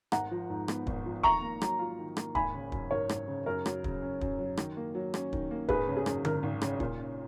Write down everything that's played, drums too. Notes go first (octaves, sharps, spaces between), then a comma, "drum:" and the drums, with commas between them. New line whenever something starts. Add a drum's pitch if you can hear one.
G#1 F#5 A#5, drum: rim click
F3
G#2
B3, drum: rim click
G#1, drum: kick
F3
D#3 A#5 C#6, drum: kick
A#3
F#3, drum: rim click
F4
D#3
A#3, drum: rim click
G#1 G#5 B5, drum: kick
C#3
F#2, drum: kick
G#1 A#4 C#5
G#1, drum: rim click
C#3
F#2 A#4 C#5
F#3, drum: rim click
C#3, drum: kick
C#4
F#2, drum: kick
F#3
D#3, drum: rim click
A#3
F#3
C#4, drum: rim click
D#3, drum: kick
A#3
G#1 G#4 B4, drum: kick
C#3
G#4
F#2, drum: rim click
G#1 A#4, drum: tom D3
G#1
C#3, drum: rim click
A#2, drum: kick
C#4